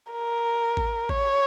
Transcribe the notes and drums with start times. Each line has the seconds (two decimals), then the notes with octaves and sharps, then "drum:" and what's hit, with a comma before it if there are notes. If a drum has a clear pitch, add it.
0.12 A#4
0.77 drum: kick A1
1.09 C#5, drum: kick A1